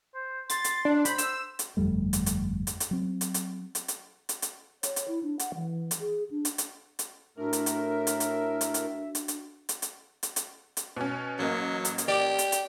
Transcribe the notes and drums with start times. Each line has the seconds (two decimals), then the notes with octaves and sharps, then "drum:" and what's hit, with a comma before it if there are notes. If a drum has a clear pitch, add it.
0.15 C5
0.50 C6 A6, drum: hi-hat
0.64 drum: hi-hat
0.85 D4
1.05 C5 B5, drum: hi-hat
1.18 E6, drum: hi-hat
1.59 drum: hi-hat
1.77 G1 F2 G3 A3
2.13 drum: hi-hat
2.26 drum: hi-hat
2.67 drum: hi-hat
2.80 drum: hi-hat
2.91 F#3 C4
3.21 drum: hi-hat
3.34 drum: hi-hat
3.75 drum: hi-hat
3.88 drum: hi-hat
4.29 drum: hi-hat
4.42 drum: hi-hat
4.83 C#5, drum: hi-hat
4.96 drum: hi-hat
5.08 E4
5.23 D4
5.39 F#5, drum: hi-hat
5.55 E3
5.91 drum: hi-hat
6.00 G#4
6.31 D4
6.45 drum: hi-hat
6.58 drum: hi-hat
6.99 drum: hi-hat
7.38 A2 A3 D4 F#4 A#4 E5
7.53 drum: hi-hat
7.66 drum: hi-hat
8.07 drum: hi-hat
8.20 drum: hi-hat
8.61 drum: hi-hat
8.74 drum: hi-hat
9.15 drum: hi-hat
9.28 drum: hi-hat
9.69 drum: hi-hat
9.82 drum: hi-hat
10.23 drum: hi-hat
10.36 drum: hi-hat
10.77 drum: hi-hat
10.97 B2 C#4
11.39 A1 F#3 A#3 D#5
11.85 drum: hi-hat
11.98 drum: hi-hat
12.08 G4 D5
12.39 drum: hi-hat
12.52 drum: hi-hat